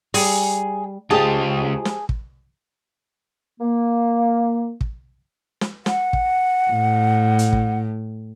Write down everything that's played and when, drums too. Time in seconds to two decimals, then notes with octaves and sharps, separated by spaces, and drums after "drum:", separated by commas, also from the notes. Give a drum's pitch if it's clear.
0.14 G3 G#4, drum: open hi-hat
1.11 C#2 F4 G4 G#4 C5 D#5 A5
1.85 drum: snare
2.09 drum: kick
3.59 A#3
4.81 drum: kick
5.61 drum: snare
5.86 F#5, drum: snare
6.13 drum: kick
6.70 A2
7.39 drum: hi-hat
7.53 drum: kick